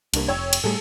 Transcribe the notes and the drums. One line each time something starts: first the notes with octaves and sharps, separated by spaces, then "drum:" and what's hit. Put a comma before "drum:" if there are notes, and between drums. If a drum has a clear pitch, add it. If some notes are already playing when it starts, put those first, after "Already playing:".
C2 G2 A#3, drum: cymbal
F1 C#5 G5 E6
drum: cymbal
A2 G3 A3 G#4 A4